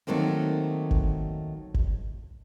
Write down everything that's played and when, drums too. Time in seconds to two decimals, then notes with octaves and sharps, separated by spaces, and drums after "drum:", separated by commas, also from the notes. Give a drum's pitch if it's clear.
0.07 D#3 F#3 A3 A#3 C4
0.91 drum: kick G1
1.74 drum: kick G1